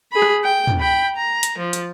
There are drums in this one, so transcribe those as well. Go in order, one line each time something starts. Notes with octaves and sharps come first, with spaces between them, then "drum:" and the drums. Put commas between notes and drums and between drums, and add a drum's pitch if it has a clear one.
G#4 B5
drum: rim click
G5
drum: tom
G5 B5
A#5
drum: hi-hat
F3
drum: hi-hat